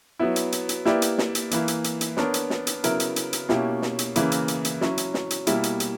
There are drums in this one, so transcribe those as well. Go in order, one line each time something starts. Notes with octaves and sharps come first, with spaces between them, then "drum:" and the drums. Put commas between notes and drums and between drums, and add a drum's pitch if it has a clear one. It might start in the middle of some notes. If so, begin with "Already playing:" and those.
F#3 B3 E4
drum: hi-hat
drum: hi-hat
drum: hi-hat
A#3 E4 G4 B4 D5, drum: snare
drum: hi-hat
drum: snare
drum: hi-hat
E3 A#3 E4, drum: hi-hat
drum: hi-hat
drum: hi-hat
drum: hi-hat
B3 D4 A#4 C#5, drum: snare
drum: hi-hat
drum: snare
drum: hi-hat
C#3 F#3 B3 E4 A#4, drum: hi-hat
drum: hi-hat
drum: hi-hat
drum: hi-hat
B2 A#3 C#4 E4 G4, drum: snare
drum: snare
drum: hi-hat
C#3 E3 A#3 E4, drum: hi-hat
drum: hi-hat
drum: hi-hat
drum: hi-hat
F#3 C#4 E4, drum: snare
drum: hi-hat
drum: snare
drum: hi-hat
B2 G3 A#3 E4, drum: hi-hat
drum: hi-hat
drum: hi-hat